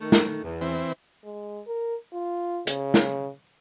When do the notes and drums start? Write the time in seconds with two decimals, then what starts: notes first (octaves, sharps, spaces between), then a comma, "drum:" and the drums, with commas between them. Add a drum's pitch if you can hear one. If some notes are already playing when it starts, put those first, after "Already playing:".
0.01 D#3 A3
0.12 drum: snare
0.43 E2
0.61 E3 C4
1.24 G#3
1.67 A#4
2.13 F4
2.67 C#3, drum: hi-hat
2.94 drum: snare